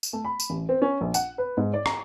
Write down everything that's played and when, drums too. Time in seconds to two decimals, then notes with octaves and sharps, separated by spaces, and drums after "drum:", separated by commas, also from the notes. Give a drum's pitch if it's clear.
0.03 drum: tambourine
0.13 A3
0.25 B5
0.40 drum: tambourine
0.50 A1
0.69 C4
0.82 C#4
1.01 A#1
1.14 F#5, drum: tambourine
1.38 B4
1.57 G#2
1.74 D5
1.86 A#5, drum: rim click